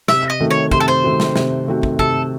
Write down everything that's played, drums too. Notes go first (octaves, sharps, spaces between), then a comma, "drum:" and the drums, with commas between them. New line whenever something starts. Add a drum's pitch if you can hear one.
C3 E5, drum: snare
D#5
D#3 A3 C4 F#4
C#5
C3 C5, drum: kick
A4
C5
D#3 A3 C4 F#4
drum: snare
C3, drum: snare
D#3 A3 C4 F#4
drum: kick
C3 A4, drum: kick